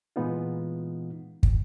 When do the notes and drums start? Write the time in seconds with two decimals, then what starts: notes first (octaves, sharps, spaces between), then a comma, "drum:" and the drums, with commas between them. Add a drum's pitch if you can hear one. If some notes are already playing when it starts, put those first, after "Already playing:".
0.16 A#2 E3 G#3 B3 D#4 F4
1.43 drum: kick